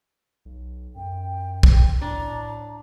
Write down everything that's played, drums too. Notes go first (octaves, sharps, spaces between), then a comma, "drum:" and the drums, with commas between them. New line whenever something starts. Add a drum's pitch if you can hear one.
B1
F#2 G5
drum: kick
A2 D4 A#5